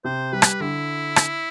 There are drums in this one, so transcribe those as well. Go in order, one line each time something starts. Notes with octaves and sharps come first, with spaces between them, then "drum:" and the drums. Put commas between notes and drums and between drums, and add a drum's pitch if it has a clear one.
C3 C5
G3 B4
drum: rim click
D3 E4
drum: rim click